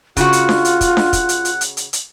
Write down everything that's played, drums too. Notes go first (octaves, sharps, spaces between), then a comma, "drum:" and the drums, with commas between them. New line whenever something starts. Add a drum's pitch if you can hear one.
C#3 F4 F#4 F#5, drum: kick, hi-hat
drum: hi-hat
drum: snare D4
drum: hi-hat
drum: kick, hi-hat
drum: snare D4
drum: kick, hi-hat
drum: hi-hat
drum: hi-hat
drum: hi-hat
drum: hi-hat
drum: hi-hat